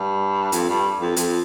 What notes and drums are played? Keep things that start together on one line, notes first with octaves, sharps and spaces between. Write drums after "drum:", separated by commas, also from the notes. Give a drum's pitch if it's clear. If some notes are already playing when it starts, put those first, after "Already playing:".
Already playing: G2
F2, drum: hi-hat
G2
F2
F2, drum: hi-hat